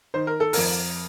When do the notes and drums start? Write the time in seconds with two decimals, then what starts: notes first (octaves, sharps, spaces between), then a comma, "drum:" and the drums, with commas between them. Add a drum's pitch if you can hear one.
0.14 D#3 C5
0.27 A#4
0.40 A4
0.53 F2 A#4, drum: open hi-hat